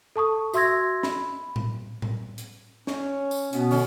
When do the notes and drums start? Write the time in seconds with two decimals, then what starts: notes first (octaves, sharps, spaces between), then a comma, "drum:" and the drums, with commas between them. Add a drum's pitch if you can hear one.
0.16 A4 A5 C#6 D#6
0.53 F#4 E5 C6 E6 G#6 A#6, drum: tambourine
1.03 B5, drum: snare
1.56 drum: tom A2
2.02 drum: tom A2
2.38 drum: hi-hat
2.87 C#4 C#5, drum: snare
3.31 drum: tambourine
3.53 B2 B3 C#4, drum: hi-hat
3.71 D3 C#4 C#5, drum: open hi-hat